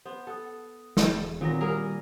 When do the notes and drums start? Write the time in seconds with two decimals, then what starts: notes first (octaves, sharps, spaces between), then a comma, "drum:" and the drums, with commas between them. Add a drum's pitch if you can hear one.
0.05 B3 C5
0.27 A4 F#5 D#6
0.97 E1 E2 G#4 A4 A5, drum: snare
1.41 A#2 D#3 F#3 B3 C4 A#5 A#6
1.60 G3 A#3 G#4 A#4